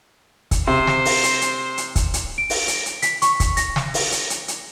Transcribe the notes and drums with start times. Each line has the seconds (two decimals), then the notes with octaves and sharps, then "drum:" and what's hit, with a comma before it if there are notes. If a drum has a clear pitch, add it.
0.51 drum: kick, hi-hat
0.67 C3 C5
0.87 drum: snare
1.05 drum: open hi-hat
1.23 drum: hi-hat
1.41 drum: hi-hat
1.78 drum: hi-hat
1.96 drum: kick, hi-hat
2.14 drum: hi-hat
2.38 D7
2.50 drum: open hi-hat
2.68 drum: hi-hat
2.86 drum: hi-hat
3.02 B6, drum: hi-hat
3.22 C#6, drum: hi-hat
3.40 drum: kick, hi-hat
3.57 A#6, drum: hi-hat
3.76 drum: snare
3.94 drum: open hi-hat
4.12 drum: hi-hat
4.30 drum: hi-hat
4.48 drum: hi-hat